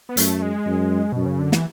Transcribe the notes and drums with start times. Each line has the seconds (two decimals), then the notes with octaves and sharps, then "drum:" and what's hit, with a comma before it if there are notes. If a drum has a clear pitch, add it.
0.09 B3
0.17 F#2 A3, drum: hi-hat
0.42 G#3
0.66 F#2
1.12 F#2 B2
1.26 C#3
1.39 D3
1.52 E3, drum: snare